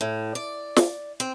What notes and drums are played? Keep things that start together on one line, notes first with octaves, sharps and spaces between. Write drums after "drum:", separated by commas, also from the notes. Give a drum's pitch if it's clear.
A2
D5
drum: snare
C4